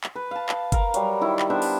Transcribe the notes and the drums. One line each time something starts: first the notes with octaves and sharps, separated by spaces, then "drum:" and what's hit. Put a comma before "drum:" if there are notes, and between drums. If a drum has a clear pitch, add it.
drum: clap
B4
F5 A5
drum: clap
A#4 F5, drum: kick F#1, hi-hat
F#3 G3, drum: hi-hat
D#3 E4
drum: clap
B3 D4 C5 E5
drum: open hi-hat